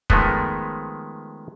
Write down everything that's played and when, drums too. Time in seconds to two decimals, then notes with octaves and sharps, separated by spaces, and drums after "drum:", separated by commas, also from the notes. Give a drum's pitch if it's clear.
0.10 D#3 F3 G#3 A3 B3, drum: kick